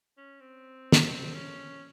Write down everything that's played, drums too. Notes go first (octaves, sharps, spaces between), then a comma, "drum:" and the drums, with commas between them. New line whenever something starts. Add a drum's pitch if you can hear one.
C#4
C4
drum: snare
C#4